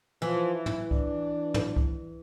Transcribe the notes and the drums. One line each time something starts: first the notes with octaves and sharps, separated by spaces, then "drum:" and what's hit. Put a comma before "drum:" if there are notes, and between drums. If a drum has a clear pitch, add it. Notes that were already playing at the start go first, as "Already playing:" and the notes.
E3 F3
E4
drum: tom
D4, drum: kick C2
drum: tom
drum: kick C2